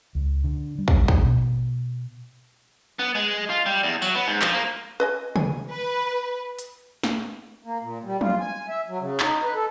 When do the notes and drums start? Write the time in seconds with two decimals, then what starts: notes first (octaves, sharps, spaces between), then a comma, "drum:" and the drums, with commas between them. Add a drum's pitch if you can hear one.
0.15 C#2
0.44 D3
0.78 G3
0.88 drum: kick
1.08 drum: kick
1.22 B2
2.99 B3
3.15 G#3
3.50 F4
3.66 G3
3.83 E2
4.02 F#3, drum: tambourine
4.15 B3
4.27 G#2
4.42 F3, drum: clap
4.53 A#3
5.00 B4 D#5 G#5
5.36 G#5, drum: tom
5.70 B4
6.59 drum: hi-hat
7.03 drum: snare
7.65 A#3
7.82 A#2
8.03 G3
8.21 F4, drum: tom
8.40 G#5
8.69 E5
8.88 F#3
9.00 C#3
9.20 D#4, drum: clap
9.43 B4
9.54 A4